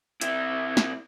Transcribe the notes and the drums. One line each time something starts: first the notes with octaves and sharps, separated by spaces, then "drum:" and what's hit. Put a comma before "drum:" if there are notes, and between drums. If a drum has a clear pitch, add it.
C3 E4, drum: hi-hat
drum: snare